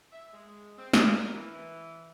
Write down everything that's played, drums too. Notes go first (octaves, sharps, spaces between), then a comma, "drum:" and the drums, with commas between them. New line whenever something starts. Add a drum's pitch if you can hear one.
E5
G#3
C4
D4, drum: snare
A#4
E3